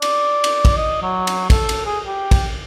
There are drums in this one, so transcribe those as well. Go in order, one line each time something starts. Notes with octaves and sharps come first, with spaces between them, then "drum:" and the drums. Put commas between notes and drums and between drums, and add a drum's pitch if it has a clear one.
D5, drum: cymbal
drum: cymbal
drum: kick, cymbal
D#5
F#3
drum: cymbal
A4, drum: kick, cymbal
drum: cymbal
G#4
G4
drum: kick, cymbal